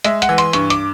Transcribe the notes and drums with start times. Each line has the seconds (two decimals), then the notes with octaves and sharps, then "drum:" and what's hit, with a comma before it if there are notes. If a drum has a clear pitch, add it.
0.04 G#3 E5, drum: hi-hat
0.22 F#5, drum: hi-hat
0.29 E3
0.38 C6, drum: hi-hat
0.53 G2 C#6, drum: hi-hat
0.70 D6, drum: hi-hat